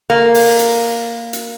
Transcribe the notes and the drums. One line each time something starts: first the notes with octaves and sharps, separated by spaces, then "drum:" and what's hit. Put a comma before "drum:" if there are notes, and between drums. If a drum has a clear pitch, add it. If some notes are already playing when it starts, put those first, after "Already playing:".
A#3
drum: open hi-hat
drum: hi-hat
drum: hi-hat